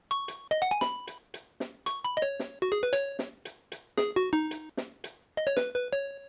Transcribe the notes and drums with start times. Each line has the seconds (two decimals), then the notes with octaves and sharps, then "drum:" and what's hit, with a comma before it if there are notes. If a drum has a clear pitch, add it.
0.11 C#6
0.28 drum: hi-hat
0.51 D#5
0.62 F#5
0.71 G#5
0.81 B5, drum: snare
1.07 drum: hi-hat
1.34 drum: hi-hat
1.60 drum: snare
1.86 C#6, drum: hi-hat
2.04 B5
2.17 D#5
2.22 C#5
2.40 drum: snare
2.62 F#4
2.72 G#4
2.83 B4
2.93 C#5, drum: hi-hat
3.19 drum: snare
3.45 drum: hi-hat
3.72 drum: hi-hat
3.98 G#4, drum: snare
4.16 F#4
4.33 D#4
4.51 drum: hi-hat
4.77 drum: snare
5.04 drum: hi-hat
5.37 D#5
5.47 C#5
5.57 B4, drum: snare
5.74 B4
5.93 C#5